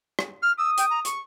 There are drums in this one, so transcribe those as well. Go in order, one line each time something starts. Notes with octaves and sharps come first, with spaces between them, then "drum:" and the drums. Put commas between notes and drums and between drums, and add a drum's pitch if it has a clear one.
drum: rim click
F6
D#6 E6
G5, drum: hi-hat
A#5
C#6, drum: hi-hat